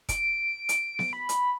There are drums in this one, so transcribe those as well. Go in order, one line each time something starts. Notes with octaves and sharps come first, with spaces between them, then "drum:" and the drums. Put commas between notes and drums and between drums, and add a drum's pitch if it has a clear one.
D7, drum: kick, hi-hat
drum: hi-hat
drum: snare B3
B5
drum: hi-hat